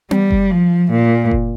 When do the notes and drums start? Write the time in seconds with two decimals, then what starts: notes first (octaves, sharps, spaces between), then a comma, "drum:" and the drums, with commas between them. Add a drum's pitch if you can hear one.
0.11 G3, drum: tom B3
0.31 drum: kick F#1
0.51 F3
0.91 A#2
1.31 drum: kick F#1